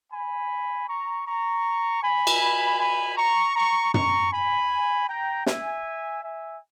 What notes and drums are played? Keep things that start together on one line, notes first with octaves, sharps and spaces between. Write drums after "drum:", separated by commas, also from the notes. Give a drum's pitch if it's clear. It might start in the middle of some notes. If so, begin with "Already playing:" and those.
G#5 B5
A#5 C#6
A#5 C#6
G#5 B5
drum: cymbal
G#5 B5
A#5 C#6
A#5 C#6
A#5 C#6, drum: tom
G#5 B5
G5 A#5
E5 G#5, drum: snare
E5 G#5